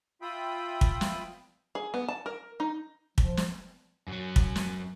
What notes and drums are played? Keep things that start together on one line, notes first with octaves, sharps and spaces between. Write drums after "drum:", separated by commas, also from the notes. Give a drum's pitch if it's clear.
F4 E5 G5 B5 D#6
drum: kick
drum: snare
G#4
B3
A5
A#4
D#4
F3, drum: kick
drum: snare
F#2 F#3
drum: kick
drum: snare